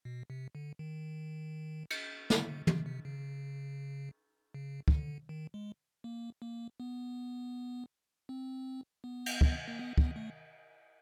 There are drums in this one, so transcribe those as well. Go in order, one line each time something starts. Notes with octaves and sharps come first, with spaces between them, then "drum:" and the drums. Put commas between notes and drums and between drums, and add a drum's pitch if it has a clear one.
B2
C3
D3
D#3
drum: cymbal
D3, drum: snare
D3
C#3, drum: tom
C3
C#3
C#3
C#3, drum: kick
D3
D#3
G#3
A#3
A#3
B3
C4
B3
drum: cymbal
drum: kick
A#3
B3
B3, drum: kick
A3